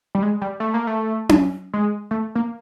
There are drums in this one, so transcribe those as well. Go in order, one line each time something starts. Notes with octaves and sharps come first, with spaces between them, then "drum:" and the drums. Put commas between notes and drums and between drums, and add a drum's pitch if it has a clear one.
G3
G#3
G3
A3
A#3
A3
drum: tom C#4
G#3
A3
A#3